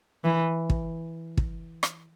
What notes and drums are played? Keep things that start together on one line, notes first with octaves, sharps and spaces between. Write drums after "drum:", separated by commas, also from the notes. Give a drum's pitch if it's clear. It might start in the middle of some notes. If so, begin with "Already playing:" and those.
E3
drum: kick
drum: kick
drum: rim click